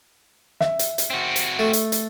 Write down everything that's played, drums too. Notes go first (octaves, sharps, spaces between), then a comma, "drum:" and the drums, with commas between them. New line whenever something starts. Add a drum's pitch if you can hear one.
E5, drum: snare
drum: hi-hat
drum: hi-hat
C4 F#4
drum: hi-hat
A3
drum: hi-hat
drum: hi-hat